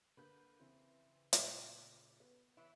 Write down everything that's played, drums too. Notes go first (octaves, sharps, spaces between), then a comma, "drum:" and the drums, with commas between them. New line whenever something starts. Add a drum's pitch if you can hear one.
D3 A#3 B4 G6
C#3 E3 C4
A#2 D6, drum: hi-hat
B3
E3 E4 C#5 E5